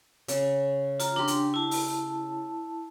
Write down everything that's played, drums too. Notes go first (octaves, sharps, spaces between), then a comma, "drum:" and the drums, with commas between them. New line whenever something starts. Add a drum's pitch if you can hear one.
C#3, drum: hi-hat
F4 A#5, drum: hi-hat
D4 G4 A#5 C6
drum: hi-hat
E4 A5
drum: open hi-hat